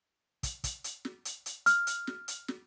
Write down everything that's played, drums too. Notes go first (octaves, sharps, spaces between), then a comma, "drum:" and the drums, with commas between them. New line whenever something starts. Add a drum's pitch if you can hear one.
drum: kick, hi-hat
drum: kick, hi-hat
drum: hi-hat
drum: snare
drum: hi-hat
drum: hi-hat
F6, drum: hi-hat
drum: hi-hat
drum: snare
drum: hi-hat
drum: snare